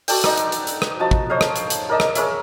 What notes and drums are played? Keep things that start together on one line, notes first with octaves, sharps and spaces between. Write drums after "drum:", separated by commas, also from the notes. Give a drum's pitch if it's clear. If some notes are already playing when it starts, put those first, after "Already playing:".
F#4 A4 D5 G5, drum: open hi-hat
D#4 D5, drum: rim click
drum: hi-hat
drum: hi-hat
drum: hi-hat
drum: rim click
F3 F#4 D#5 A5
drum: kick
C5 C#5 D#5 F5
drum: rim click
drum: hi-hat
drum: hi-hat
A#4 D5 D#5 A5
drum: rim click
G#4 A#4 C#5 E5, drum: hi-hat